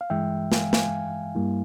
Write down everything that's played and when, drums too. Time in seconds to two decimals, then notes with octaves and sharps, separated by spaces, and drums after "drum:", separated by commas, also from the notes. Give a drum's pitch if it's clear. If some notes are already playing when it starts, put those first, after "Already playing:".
0.01 F5
0.10 G2 E3 G#3 E5 G5
0.52 F5 G#5, drum: snare
0.73 F5 G#5, drum: snare
1.35 G2 G3 A#3 E4